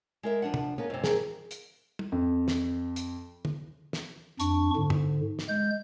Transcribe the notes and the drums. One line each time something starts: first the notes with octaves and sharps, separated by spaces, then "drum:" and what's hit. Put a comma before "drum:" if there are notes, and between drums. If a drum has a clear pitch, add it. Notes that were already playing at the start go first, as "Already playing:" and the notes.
G#3 A#4 E5
F3 D4 F#5
drum: tom
A#3 B3 C#4 A#4
F2 G#2 C3
F3 G#4 A#4, drum: snare
drum: hi-hat
drum: tom
F2
drum: snare
drum: hi-hat
drum: tom
drum: snare
F2 D4 C#6, drum: hi-hat
G#2 D3
drum: tom
drum: snare
G#3 G6